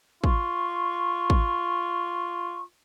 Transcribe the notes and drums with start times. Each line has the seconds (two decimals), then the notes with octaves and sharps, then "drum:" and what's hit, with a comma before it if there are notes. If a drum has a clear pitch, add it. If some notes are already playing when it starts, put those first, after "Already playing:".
0.24 F4 C#6, drum: kick
1.30 drum: kick